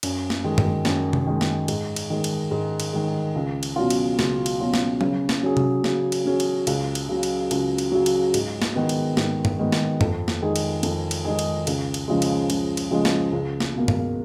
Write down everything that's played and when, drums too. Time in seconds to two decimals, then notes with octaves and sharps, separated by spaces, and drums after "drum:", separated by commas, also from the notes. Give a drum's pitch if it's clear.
0.03 F#2, drum: cymbal
0.30 drum: snare
0.44 D#3 G#3
0.58 drum: tom G2
0.85 F#2, drum: snare
1.13 drum: tom C3
1.27 D#3 G#3
1.41 drum: snare
1.68 G#2, drum: cymbal
1.96 drum: cymbal
2.10 D#3 G#3
2.24 drum: cymbal
2.51 G#2
2.80 drum: cymbal
2.93 D#3 G#3
3.36 C#2
3.63 drum: cymbal
3.76 B2 F#3 C#4 F4
3.90 drum: cymbal
4.19 C#2, drum: snare
4.46 drum: cymbal
4.60 B2 F#3 C#4 F4
4.74 drum: snare
5.01 C#3, drum: tom F#3
5.29 drum: snare
5.43 F#3 C#4 G#4
5.57 drum: tom C3
5.84 C#3, drum: snare
6.12 drum: cymbal
6.25 F#3 C#4 G#4
6.40 drum: cymbal
6.67 C#2, drum: cymbal
6.95 drum: cymbal
7.09 C#3 F#3
7.23 drum: cymbal
7.51 C#2, drum: cymbal
7.78 drum: cymbal
7.92 C#3 F#3
8.06 drum: cymbal
8.34 G#2, drum: cymbal
8.62 drum: snare
8.75 D#3 G#3 B3
8.89 drum: cymbal
9.17 G#2, drum: snare
9.45 drum: tom G2
9.59 D#3 G#3 B3
9.72 drum: snare
10.01 F2, drum: tom G2
10.28 drum: snare
10.42 D#3 G#3 D#4 G#4
10.56 drum: cymbal
10.83 F2, drum: cymbal
11.11 drum: cymbal
11.25 D#3 G#3 D#4 G#4
11.39 drum: cymbal
11.67 C#2, drum: cymbal
11.94 drum: cymbal
12.08 C#3 F3 G#3
12.22 drum: cymbal
12.50 C#2, drum: cymbal
12.77 drum: cymbal
12.91 C#3 F3 G#3
13.05 drum: snare
13.32 C#2
13.60 drum: snare
13.74 B2 A#3
13.88 drum: tom G2